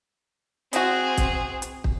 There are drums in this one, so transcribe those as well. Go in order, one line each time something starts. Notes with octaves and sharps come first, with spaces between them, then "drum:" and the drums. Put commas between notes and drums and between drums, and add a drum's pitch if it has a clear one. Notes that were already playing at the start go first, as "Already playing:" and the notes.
G#3 C4 F#4 G#4, drum: hi-hat
drum: kick, hi-hat
drum: hi-hat
drum: kick